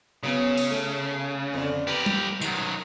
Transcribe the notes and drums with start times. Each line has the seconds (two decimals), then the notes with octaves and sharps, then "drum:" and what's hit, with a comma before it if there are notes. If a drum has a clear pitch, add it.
0.24 C#3 F#3 B3 C#4
0.58 drum: open hi-hat
0.71 A3
1.54 F2 D3
1.87 G4 A#4 B4 B5
2.06 drum: tom G3
2.41 D#3 F#3, drum: tambourine